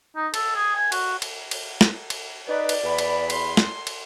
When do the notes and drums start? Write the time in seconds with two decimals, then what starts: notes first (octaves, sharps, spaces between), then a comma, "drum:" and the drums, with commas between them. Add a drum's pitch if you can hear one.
0.16 D#4
0.34 A4, drum: cymbal
0.56 G#4
0.75 G#5
0.92 F#4, drum: cymbal
1.22 drum: cymbal
1.51 drum: cymbal
1.81 drum: snare
2.10 drum: cymbal
2.48 D#4 B4 D5
2.69 drum: cymbal
2.83 E2 B5
2.99 drum: cymbal
3.30 C6, drum: cymbal
3.57 drum: snare
3.87 drum: cymbal